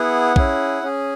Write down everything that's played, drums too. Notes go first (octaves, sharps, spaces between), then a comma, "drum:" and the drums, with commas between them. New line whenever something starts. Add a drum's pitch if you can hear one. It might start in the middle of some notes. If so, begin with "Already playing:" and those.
Already playing: B3 E4 G#4 F#5
C#4 E4 G#4, drum: kick A#1
C#4 G#4